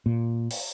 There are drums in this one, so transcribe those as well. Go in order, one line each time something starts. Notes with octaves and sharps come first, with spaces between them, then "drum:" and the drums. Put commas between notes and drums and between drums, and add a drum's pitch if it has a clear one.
A#2
drum: open hi-hat